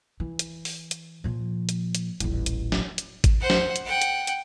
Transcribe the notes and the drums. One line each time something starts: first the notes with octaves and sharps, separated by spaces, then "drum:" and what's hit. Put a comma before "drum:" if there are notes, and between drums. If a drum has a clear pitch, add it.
E3
drum: hi-hat
drum: open hi-hat
drum: hi-hat
A#2 F3
drum: hi-hat
drum: hi-hat
D#1 A1, drum: hi-hat
drum: hi-hat
drum: snare
drum: hi-hat
drum: kick G#1, hi-hat
C5 F#5
drum: snare
drum: hi-hat
F#5 G5
drum: hi-hat
drum: hi-hat